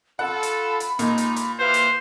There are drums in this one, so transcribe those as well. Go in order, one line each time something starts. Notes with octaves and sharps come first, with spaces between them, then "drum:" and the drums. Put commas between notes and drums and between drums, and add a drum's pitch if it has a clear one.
F4 A4 F#5 B5
drum: hi-hat
drum: hi-hat
A#2 G#3 D#4, drum: hi-hat
drum: hi-hat
drum: hi-hat
E4 G4 B4 C5 F5
drum: hi-hat